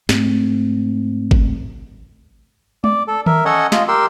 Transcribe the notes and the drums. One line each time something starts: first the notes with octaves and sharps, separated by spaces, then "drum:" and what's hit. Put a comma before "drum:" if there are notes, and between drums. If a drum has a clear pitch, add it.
G#2 A3 C4, drum: snare
drum: kick G1
D5, drum: tom G#3
A4
A#4 E5, drum: tom D#3
C#4 A4 C#5 D#5 F#5
F4 D#5, drum: snare
G4 A#4 C6 E6